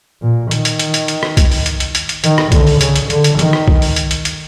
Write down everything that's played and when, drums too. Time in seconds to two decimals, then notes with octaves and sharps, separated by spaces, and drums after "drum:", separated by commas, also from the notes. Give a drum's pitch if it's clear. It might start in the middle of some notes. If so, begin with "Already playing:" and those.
0.22 A#2
0.51 D#3, drum: hi-hat
0.65 drum: hi-hat
0.79 drum: hi-hat
0.94 drum: hi-hat
1.08 drum: hi-hat
1.23 drum: rim click
1.37 drum: kick B1, hi-hat
1.52 drum: open hi-hat
1.66 drum: hi-hat
1.80 drum: hi-hat
1.95 drum: hi-hat
2.09 drum: hi-hat
2.24 D#3, drum: hi-hat
2.38 drum: rim click
2.52 D3, drum: kick B1, hi-hat
2.67 drum: open hi-hat
2.81 C#3, drum: hi-hat
2.96 drum: hi-hat
3.10 D3, drum: hi-hat
3.24 drum: hi-hat
3.39 D#3, drum: hi-hat
3.53 drum: rim click
3.68 drum: kick B1
3.82 drum: open hi-hat
3.96 drum: hi-hat
4.11 drum: hi-hat
4.25 drum: hi-hat